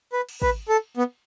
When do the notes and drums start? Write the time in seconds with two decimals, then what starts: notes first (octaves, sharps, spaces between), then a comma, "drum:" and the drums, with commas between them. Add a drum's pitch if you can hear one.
0.13 B4
0.29 drum: cymbal
0.42 B4, drum: kick
0.69 A4
0.97 B3